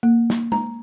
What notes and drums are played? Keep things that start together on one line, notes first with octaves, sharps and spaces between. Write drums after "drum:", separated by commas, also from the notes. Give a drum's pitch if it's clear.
A#3
drum: snare
A#5, drum: tom G#3